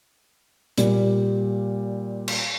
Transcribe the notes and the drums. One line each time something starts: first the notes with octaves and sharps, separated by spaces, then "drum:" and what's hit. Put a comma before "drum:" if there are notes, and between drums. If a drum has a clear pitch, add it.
A#2 G3, drum: hi-hat
drum: cymbal